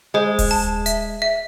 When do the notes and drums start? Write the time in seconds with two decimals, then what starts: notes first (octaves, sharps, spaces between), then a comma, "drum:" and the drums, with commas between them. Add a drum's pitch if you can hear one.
0.14 G#3 C5
0.39 drum: kick D#1, open hi-hat
0.51 A5
0.86 E5, drum: hi-hat
1.22 E5